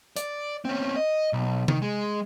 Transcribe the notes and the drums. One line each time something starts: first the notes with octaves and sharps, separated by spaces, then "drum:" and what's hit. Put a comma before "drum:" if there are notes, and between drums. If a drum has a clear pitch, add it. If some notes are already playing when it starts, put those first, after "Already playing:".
D5, drum: hi-hat
C4 C#4
D#5
B1
D#3, drum: tom C3
G#3